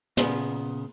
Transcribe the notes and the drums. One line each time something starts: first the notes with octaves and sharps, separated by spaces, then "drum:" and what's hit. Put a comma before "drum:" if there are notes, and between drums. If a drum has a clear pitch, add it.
A#2 C#3 B3, drum: hi-hat